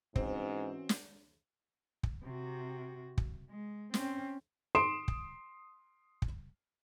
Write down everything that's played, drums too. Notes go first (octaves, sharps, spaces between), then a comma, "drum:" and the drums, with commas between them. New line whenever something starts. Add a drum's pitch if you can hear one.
G#2 E3 C4 C#4 F#4, drum: kick
drum: snare
drum: kick
C3 F#4
drum: kick
G#3
C4 C#4, drum: snare
C6 D#6 C7 D7 E7
drum: kick
drum: kick